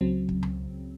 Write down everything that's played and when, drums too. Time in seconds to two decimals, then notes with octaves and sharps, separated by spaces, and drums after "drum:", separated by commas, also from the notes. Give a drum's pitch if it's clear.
0.01 C#2 C#3 F#3 C4
0.29 drum: kick
0.43 drum: tom C#2